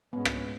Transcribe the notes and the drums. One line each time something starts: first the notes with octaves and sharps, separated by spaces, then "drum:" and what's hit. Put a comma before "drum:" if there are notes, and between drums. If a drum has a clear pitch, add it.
G#2 G#3 B3 C#4
drum: rim click